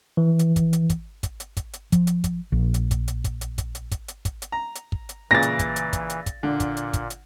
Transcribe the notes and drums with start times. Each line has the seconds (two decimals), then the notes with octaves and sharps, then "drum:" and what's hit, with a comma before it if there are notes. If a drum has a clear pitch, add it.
0.17 E3
0.39 drum: hi-hat
0.56 drum: kick, hi-hat
0.73 drum: hi-hat
0.90 drum: kick, hi-hat
1.23 drum: kick, hi-hat
1.40 drum: hi-hat
1.57 drum: kick, hi-hat
1.73 drum: hi-hat
1.92 F3, drum: kick, hi-hat
2.07 drum: hi-hat
2.24 drum: kick, hi-hat
2.52 A#1
2.74 drum: hi-hat
2.91 drum: kick, hi-hat
3.08 drum: hi-hat
3.24 drum: kick, hi-hat
3.41 drum: hi-hat
3.58 drum: kick, hi-hat
3.75 drum: hi-hat
3.91 drum: kick, hi-hat
4.08 drum: hi-hat
4.25 drum: kick, hi-hat
4.42 drum: hi-hat
4.52 A#5
4.75 drum: hi-hat
4.92 drum: kick
5.09 drum: hi-hat
5.31 A#2 C#3 E3 A6 A#6
5.42 drum: hi-hat
5.59 drum: kick, hi-hat
5.76 drum: hi-hat
5.93 drum: kick, hi-hat
6.10 drum: hi-hat
6.26 drum: kick, hi-hat
6.43 A#2 D3
6.60 drum: kick, hi-hat
6.77 drum: hi-hat
6.93 drum: kick, hi-hat
7.10 drum: hi-hat